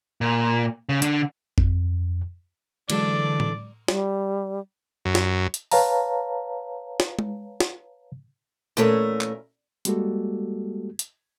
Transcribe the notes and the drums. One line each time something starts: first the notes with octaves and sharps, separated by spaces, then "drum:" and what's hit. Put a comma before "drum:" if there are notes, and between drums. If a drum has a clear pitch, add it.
A#2
C#3
D3, drum: hi-hat
F2, drum: kick G1
D3 E3 F#3 G#3 D4 A4 D5, drum: cymbal
drum: tom A2
G3, drum: snare
F#2
drum: snare
drum: hi-hat
B4 C#5 F5 A5 A#5, drum: open hi-hat
drum: snare
drum: tom G#3
drum: snare
A#2 E3 A3 C#4 A#4
drum: clap
G3 G#3 A#3 F#4 G4 A4, drum: hi-hat
drum: hi-hat